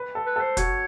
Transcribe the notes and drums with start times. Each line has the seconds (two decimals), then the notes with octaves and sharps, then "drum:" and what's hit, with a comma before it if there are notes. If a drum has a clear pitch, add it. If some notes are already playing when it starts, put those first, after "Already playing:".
Already playing: B4
0.15 A4
0.26 B4
0.36 A4
0.41 C5
0.57 F#4 C#5, drum: kick, hi-hat